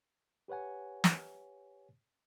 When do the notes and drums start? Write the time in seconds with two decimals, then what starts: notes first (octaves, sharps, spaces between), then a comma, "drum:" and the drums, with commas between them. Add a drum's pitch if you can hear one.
0.48 G4 B4 C#5 F#5 G#5
1.04 drum: snare